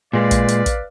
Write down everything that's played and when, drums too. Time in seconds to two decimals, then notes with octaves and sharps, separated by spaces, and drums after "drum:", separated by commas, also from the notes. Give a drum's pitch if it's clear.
0.13 A#2 G#3 B4 D5 F5
0.31 drum: kick, hi-hat
0.48 drum: hi-hat
0.66 drum: kick, hi-hat